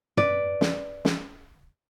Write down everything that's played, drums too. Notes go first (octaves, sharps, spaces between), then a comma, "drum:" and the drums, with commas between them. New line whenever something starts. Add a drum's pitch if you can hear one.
B4 D5, drum: tom
drum: snare
drum: snare